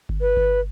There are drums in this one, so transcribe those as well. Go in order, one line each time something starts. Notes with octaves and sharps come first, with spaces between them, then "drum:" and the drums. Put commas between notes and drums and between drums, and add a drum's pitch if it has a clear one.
drum: kick G1
B4
drum: kick G1